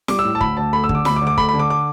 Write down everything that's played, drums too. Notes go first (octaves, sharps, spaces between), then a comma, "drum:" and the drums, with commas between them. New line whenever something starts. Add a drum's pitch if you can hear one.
G3 D6, drum: snare
E6
A2
A5
D2 B5, drum: kick
D2 A5
A3 B5
E6
D3, drum: kick
D6
D2 B5, drum: snare
D6
D2
D6
A3 B5, drum: kick
B5
D3
D6
D6